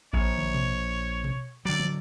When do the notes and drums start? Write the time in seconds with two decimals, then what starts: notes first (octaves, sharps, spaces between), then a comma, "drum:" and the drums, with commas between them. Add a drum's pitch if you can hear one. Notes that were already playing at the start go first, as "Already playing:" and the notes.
0.13 A#1 C#5, drum: kick A1
0.38 drum: tom
0.54 drum: tom B2
1.24 drum: tom B2
1.65 D3 F#3 D5
1.80 drum: tom